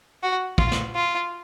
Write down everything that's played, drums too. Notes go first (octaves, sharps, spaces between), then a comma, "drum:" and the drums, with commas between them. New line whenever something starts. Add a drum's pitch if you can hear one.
F#4
F4, drum: kick
drum: snare
F4